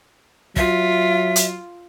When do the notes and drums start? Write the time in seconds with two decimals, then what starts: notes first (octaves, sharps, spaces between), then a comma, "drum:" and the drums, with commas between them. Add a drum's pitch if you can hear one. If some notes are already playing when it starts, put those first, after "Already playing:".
0.56 F#3 F4 E5, drum: kick
1.36 drum: hi-hat